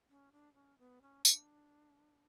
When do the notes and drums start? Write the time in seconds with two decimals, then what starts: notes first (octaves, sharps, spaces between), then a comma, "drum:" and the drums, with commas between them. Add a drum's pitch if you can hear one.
0.09 C#4
0.32 D4
0.54 C#4
0.78 B3
1.02 C#4
1.25 D4, drum: tambourine